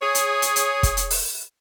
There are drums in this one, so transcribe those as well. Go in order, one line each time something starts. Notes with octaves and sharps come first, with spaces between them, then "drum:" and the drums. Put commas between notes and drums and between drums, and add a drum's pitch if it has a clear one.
G#4 C#5
drum: hi-hat
drum: hi-hat
drum: hi-hat
drum: kick, hi-hat
drum: hi-hat
drum: open hi-hat